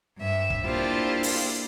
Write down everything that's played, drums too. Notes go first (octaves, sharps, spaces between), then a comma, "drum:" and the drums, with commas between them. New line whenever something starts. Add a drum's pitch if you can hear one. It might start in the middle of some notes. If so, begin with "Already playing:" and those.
G2 E5
drum: kick
A#3 D4 E4 F4 G4 C5
drum: open hi-hat